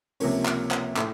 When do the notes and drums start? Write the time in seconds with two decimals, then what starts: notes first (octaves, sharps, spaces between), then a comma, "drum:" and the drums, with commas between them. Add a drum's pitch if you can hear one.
0.20 C#2 C3 F3 A#3 C#4, drum: open hi-hat
0.46 drum: clap
0.71 drum: clap
0.97 A2 A3, drum: clap